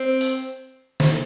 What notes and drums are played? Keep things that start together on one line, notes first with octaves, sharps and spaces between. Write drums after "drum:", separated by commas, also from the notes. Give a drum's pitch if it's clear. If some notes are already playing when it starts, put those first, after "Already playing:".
Already playing: C4
drum: open hi-hat
drum: snare